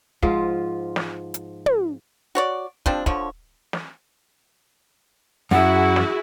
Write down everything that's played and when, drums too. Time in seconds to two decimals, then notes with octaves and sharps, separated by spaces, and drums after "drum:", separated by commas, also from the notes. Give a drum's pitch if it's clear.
0.22 G#2 F3 F4, drum: kick
0.96 drum: snare
1.34 drum: hi-hat
1.66 drum: tom
2.35 F#4 C#5 D5
2.86 F3 G3 C4 D4, drum: kick
3.06 D3 F3 C#5, drum: kick
3.73 drum: snare
5.51 F#2 E4 F#4 G#4 F#5
5.96 drum: snare